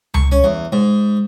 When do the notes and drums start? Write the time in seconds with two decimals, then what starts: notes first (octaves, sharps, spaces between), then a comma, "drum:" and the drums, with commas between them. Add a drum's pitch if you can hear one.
0.14 C#6, drum: tom C#2
0.32 C#4
0.44 E2
0.72 G#2